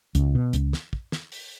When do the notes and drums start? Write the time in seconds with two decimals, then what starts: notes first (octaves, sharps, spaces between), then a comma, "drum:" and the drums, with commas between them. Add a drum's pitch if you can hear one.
0.15 C#2, drum: hi-hat
0.35 B2
0.53 C#2, drum: hi-hat
0.73 drum: snare
0.93 drum: kick
1.12 drum: snare
1.32 drum: open hi-hat